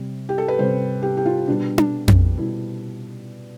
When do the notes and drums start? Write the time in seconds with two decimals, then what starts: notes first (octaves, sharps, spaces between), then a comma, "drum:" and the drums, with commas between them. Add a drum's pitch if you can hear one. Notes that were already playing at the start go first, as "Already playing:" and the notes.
Already playing: C3 G3
0.29 G4
0.38 A4
0.48 B4
0.58 C3 G3 C5
1.03 G4
1.17 G4
1.26 F4
1.48 B2 G3 D4
1.78 drum: tom D4
2.08 drum: tom F2
2.38 B2 G3 E4